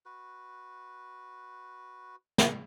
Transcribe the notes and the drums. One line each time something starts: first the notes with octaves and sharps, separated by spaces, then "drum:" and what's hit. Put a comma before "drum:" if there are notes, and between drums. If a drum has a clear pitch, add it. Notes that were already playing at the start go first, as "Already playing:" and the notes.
F#4 B4
drum: snare